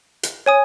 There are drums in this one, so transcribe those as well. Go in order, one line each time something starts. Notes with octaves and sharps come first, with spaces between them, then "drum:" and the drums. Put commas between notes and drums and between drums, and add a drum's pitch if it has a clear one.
drum: hi-hat
C#5 G#5 D#6